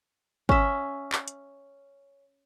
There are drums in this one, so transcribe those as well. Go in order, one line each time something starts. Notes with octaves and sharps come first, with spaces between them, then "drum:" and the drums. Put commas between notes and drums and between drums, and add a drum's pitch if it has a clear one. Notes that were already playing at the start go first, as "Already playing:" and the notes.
C#4 E5, drum: kick
drum: clap
drum: hi-hat